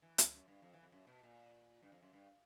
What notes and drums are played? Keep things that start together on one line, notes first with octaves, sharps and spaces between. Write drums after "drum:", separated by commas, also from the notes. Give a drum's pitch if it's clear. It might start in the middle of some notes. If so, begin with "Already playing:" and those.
E3
F2, drum: hi-hat
F#2
G2
F2
E3
F2
F#2
B2
A#2
G2
F2
F#2
G2